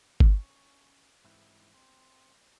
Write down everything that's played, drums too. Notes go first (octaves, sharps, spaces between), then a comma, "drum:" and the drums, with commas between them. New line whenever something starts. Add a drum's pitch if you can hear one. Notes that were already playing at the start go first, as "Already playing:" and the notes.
C#4, drum: kick G1
G#2 E3 C4 E4
C4